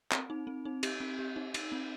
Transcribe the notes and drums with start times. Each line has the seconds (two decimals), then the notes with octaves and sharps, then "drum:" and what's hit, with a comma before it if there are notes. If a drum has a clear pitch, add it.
0.12 C4, drum: clap
0.30 D#4
0.47 C4
0.65 D#4
0.83 G4, drum: cymbal
1.00 C4
1.19 G4
1.36 D#4
1.54 D#4, drum: cymbal
1.72 C4